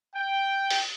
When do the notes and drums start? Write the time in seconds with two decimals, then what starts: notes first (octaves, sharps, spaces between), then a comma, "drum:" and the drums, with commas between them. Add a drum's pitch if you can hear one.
0.16 G5
0.70 drum: open hi-hat